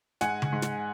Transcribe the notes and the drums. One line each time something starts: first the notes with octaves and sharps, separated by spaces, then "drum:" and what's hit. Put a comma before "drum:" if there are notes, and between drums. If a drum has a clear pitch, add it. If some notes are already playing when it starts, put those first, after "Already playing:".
G#2 F#5 G#5, drum: snare
drum: tom C#3
G#2
drum: snare